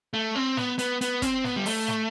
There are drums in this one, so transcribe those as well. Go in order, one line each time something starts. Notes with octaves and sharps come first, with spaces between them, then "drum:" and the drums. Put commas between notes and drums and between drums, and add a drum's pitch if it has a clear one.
A3
C4
B3, drum: snare
B3, drum: hi-hat
B3, drum: hi-hat
C4, drum: kick, hi-hat
B3, drum: snare
G3
A3, drum: open hi-hat
drum: snare